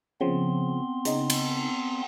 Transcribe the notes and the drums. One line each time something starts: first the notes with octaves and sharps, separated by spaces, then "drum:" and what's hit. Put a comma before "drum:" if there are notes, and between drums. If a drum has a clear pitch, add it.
C#3 F3 B3 C4 C6
C#3 D#4, drum: hi-hat
drum: cymbal